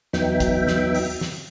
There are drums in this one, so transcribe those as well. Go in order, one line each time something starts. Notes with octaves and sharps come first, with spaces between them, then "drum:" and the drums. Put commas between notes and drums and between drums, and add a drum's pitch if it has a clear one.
E2 F#3 B3 D#4 E5 G5, drum: snare
drum: kick, hi-hat
drum: snare
drum: open hi-hat
drum: snare